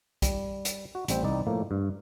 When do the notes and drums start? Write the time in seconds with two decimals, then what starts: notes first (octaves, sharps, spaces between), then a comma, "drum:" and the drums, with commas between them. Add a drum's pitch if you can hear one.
0.22 G3, drum: kick, hi-hat
0.65 drum: hi-hat
0.95 F#4
1.08 A1 G3 C4 C5, drum: hi-hat
1.24 C2 D#4 D5
1.47 A2 F3 A#3
1.71 G2